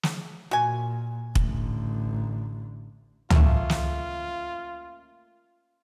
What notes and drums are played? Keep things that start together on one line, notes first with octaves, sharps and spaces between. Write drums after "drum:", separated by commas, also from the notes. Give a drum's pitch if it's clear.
drum: snare
A#2 F#4 G#5
A1 D3, drum: kick
A3 A#3 C#4 F4, drum: tom
drum: snare